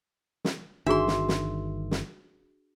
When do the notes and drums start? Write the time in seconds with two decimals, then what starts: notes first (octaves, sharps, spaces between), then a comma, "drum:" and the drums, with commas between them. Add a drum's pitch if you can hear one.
0.45 drum: snare
0.86 G1 D#3 D4 F#4 G#4 E5 C6
1.07 drum: snare
1.28 drum: snare
1.91 drum: snare